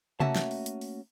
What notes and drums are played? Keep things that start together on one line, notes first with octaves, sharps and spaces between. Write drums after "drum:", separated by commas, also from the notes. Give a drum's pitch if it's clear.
A3 A#3 C#4 F#4 E5 A5, drum: tom C3
drum: snare
drum: open hi-hat
drum: hi-hat
drum: open hi-hat